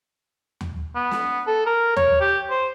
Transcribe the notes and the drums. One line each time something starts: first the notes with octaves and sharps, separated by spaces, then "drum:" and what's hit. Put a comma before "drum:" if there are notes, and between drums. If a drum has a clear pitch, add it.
drum: tom D#2
B3
drum: snare
A4
A#4
C#5, drum: tom D#2
G4
C5